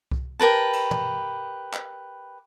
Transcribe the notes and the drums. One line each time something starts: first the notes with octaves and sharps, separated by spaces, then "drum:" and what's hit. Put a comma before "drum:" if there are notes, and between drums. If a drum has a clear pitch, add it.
drum: kick C2
G4 A#4 B4 A5
drum: cymbal
drum: tom
drum: clap